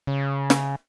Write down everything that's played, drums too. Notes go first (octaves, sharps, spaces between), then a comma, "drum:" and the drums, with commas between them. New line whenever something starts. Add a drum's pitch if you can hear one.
C#3
drum: snare